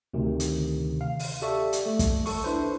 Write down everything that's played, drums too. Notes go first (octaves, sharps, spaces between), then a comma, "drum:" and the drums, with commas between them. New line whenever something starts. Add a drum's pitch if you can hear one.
D2 C3 D#3
drum: hi-hat
F5
drum: open hi-hat
G4 A4 D5 E5 C#6
drum: hi-hat
A3
drum: kick, hi-hat
A4 C#6, drum: open hi-hat
D4 E4 B4 C5